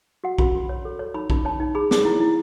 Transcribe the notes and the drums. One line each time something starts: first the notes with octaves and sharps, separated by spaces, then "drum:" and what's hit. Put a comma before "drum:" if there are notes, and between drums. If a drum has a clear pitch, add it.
F#4 F#5
F#4 B5, drum: kick B1
F#4
C#5
A4
C#5
D#4 B5
D#4 B5, drum: kick B1
C#5 A5
D#4
G#4 B5
G#4, drum: snare
E4
E4